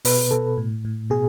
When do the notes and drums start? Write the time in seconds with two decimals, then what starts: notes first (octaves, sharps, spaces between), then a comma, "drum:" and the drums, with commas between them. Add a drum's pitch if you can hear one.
0.05 B2 B4, drum: open hi-hat
0.31 B2 A4
0.58 A2
0.85 A2
1.10 B2 G#4